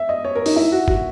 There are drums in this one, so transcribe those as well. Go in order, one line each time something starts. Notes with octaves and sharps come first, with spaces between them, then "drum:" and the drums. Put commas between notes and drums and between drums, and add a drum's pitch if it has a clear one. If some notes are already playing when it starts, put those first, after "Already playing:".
Already playing: E5
D#5
C#5
A#4
D#4, drum: open hi-hat
E4
F#4
F#4, drum: kick G1